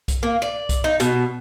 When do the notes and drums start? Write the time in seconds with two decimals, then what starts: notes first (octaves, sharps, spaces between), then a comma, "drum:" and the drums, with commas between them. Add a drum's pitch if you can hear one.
0.08 drum: kick B1, hi-hat
0.23 A#3
0.42 D5
0.69 drum: kick B1, hi-hat
0.84 D#4
1.00 B2, drum: hi-hat